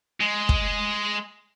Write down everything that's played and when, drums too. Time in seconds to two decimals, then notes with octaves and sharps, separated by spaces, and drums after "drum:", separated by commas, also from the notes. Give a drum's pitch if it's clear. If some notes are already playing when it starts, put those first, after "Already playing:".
0.20 G#3
0.49 drum: kick